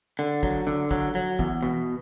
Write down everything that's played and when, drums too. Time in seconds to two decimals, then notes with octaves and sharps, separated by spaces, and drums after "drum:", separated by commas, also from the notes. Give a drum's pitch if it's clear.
0.19 D3
0.43 F#3, drum: kick
0.67 D3
0.91 F#3, drum: kick
1.15 F#3
1.39 E2, drum: kick
1.63 B2